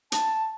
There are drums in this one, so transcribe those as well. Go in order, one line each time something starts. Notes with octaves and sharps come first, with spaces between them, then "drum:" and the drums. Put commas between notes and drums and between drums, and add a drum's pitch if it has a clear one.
A5, drum: hi-hat